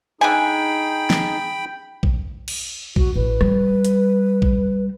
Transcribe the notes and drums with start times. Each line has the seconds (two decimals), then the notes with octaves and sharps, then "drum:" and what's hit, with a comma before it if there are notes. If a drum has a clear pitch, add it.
0.21 D3 D#4 G#4 G5 G#5 B5
1.10 drum: snare
2.03 drum: kick
2.48 drum: cymbal
2.96 F#4, drum: kick
3.16 A1 B4
3.41 G3, drum: rim click
3.85 drum: hi-hat
4.42 drum: kick